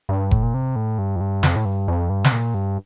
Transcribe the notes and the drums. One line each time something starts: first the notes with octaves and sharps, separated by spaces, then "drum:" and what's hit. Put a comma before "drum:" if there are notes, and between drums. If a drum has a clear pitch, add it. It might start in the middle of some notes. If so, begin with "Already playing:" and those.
G2
A2, drum: kick F1
A#2
C3
A2
G2
F2
G2
F2, drum: snare
A2
G2
F2
G2
C3, drum: snare
A#2
G2